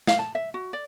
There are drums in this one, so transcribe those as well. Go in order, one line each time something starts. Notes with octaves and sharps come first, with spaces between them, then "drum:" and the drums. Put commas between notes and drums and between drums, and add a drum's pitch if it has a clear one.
F5, drum: snare
A5
E5
F#4
D5